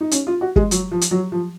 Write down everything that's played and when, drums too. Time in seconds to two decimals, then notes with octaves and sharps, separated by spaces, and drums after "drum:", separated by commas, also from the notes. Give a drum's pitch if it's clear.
0.01 D#4
0.11 C#4, drum: hi-hat
0.27 F4
0.41 F#4
0.56 G#3, drum: kick
0.71 F#3, drum: hi-hat
0.91 F3
1.01 drum: hi-hat
1.11 F#3
1.32 F3